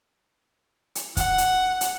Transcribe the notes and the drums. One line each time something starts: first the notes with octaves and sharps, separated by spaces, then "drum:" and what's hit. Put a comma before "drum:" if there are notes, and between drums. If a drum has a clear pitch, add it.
drum: hi-hat
F#5, drum: kick, hi-hat
drum: hi-hat
drum: hi-hat